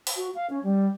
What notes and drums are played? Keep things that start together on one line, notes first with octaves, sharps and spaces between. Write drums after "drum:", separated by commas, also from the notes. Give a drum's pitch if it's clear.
drum: open hi-hat
F#4
F5
C#4
G3